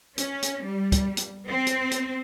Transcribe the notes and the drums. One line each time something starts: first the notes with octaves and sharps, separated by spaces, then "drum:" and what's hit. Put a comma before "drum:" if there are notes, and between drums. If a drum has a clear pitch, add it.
C#4, drum: hi-hat
drum: hi-hat
G3
drum: kick, hi-hat
drum: hi-hat
C4
drum: hi-hat
drum: hi-hat